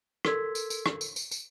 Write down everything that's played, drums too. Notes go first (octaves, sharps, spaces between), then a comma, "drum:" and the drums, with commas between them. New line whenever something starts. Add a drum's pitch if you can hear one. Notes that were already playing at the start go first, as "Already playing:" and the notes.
A4 A#4 C6 E6 G#6 B6, drum: rim click
drum: tambourine
drum: tambourine
drum: rim click
drum: tambourine
drum: tambourine
drum: tambourine